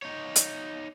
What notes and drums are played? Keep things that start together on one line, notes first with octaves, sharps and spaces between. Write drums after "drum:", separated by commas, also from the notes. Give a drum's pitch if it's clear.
D#4 C#5
drum: hi-hat